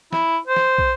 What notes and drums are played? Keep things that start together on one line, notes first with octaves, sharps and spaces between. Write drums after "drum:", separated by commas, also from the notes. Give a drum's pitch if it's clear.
E4, drum: snare
C5
drum: snare
drum: kick